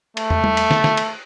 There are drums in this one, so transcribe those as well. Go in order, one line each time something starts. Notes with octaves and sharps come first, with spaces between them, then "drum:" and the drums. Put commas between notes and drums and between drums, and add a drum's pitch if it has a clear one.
A3, drum: cymbal
drum: tom
drum: tom
drum: cymbal
drum: snare
drum: snare
drum: cymbal